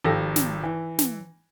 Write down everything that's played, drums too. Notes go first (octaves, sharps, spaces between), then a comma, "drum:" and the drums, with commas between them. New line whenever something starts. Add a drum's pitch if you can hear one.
G#1 F3 G4 A4 A#6
drum: snare
E3
drum: snare